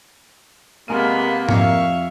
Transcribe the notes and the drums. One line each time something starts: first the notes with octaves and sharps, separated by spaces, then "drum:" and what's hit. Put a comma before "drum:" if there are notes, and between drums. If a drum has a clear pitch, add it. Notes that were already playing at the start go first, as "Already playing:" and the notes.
C3 G#3 A#3 B3 D#7
F2 E5 F5 C#6, drum: tom G#2